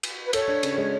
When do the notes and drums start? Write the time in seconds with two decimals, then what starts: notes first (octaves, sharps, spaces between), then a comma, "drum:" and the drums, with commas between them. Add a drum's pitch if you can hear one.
0.03 drum: cymbal
0.24 B4
0.33 A4 C#5, drum: cymbal
0.48 D4
0.63 C#3, drum: cymbal
0.78 G#3